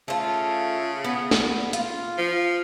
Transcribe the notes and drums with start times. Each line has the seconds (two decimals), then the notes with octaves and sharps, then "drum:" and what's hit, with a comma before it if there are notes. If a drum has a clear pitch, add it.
0.08 C#3 A3 F4
1.04 B3
1.31 drum: snare
1.73 F4, drum: hi-hat
2.18 F3